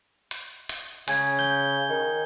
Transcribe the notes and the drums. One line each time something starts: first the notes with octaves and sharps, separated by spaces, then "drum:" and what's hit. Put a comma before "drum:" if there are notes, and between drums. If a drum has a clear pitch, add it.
drum: hi-hat
drum: hi-hat
C#3 G#5 G#6, drum: hi-hat
G6 G7
D#3